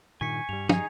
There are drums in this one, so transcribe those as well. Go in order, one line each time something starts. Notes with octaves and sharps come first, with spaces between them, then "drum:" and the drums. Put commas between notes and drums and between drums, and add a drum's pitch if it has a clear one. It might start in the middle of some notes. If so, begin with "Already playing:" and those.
G2 A#2 D#3 G#5 C#6 B6 C#7
G2 G3 F7
D#4 G#4 G#5 G#6, drum: tom